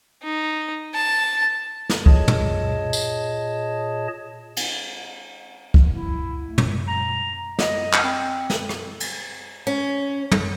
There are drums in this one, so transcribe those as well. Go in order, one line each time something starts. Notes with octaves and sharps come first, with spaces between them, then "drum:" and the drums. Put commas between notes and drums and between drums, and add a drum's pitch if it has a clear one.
D#4
A5
drum: snare
A#2 G#4 C#5 D#5 A5, drum: kick C#2
drum: tom
drum: tambourine
drum: cymbal
drum: kick C#2
E4
A3
drum: tom
A#5
D#5, drum: snare
drum: clap
C4
drum: snare
drum: rim click
drum: cymbal
C#4
drum: tom